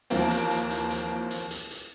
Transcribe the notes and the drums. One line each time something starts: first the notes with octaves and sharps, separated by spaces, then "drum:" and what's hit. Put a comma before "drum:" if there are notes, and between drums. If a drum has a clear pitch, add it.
D#2 E3 F3 A#3 C4, drum: hi-hat
drum: hi-hat
drum: hi-hat
drum: hi-hat
drum: hi-hat
drum: hi-hat
drum: hi-hat
drum: hi-hat